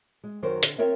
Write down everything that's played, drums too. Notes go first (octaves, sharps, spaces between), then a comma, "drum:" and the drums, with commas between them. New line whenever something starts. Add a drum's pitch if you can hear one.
G#3
F#2 D#3 F#3 A#4 C5
D3, drum: hi-hat
C4 F4 A#4 C#5 E5